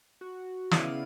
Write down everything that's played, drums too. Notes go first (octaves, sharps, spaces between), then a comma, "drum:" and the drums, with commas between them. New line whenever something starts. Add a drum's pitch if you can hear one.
F#4
C#3 B3 E4 D5 F5 D#7, drum: snare